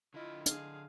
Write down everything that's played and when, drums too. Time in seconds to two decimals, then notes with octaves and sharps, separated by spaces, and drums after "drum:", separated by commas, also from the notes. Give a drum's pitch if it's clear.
0.14 D3 E4 F4 D#5
0.46 G#4 F5, drum: hi-hat